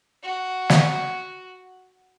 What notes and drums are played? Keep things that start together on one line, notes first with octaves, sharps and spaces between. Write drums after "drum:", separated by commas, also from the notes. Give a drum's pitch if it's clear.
F#4
drum: snare